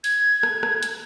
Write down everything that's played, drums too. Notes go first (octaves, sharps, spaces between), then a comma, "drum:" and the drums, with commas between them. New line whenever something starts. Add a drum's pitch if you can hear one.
G#6, drum: open hi-hat
drum: rim click
drum: rim click
drum: hi-hat